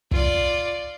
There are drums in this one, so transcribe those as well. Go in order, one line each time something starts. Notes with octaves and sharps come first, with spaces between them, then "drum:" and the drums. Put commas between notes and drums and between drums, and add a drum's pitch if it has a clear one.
F4 D5, drum: kick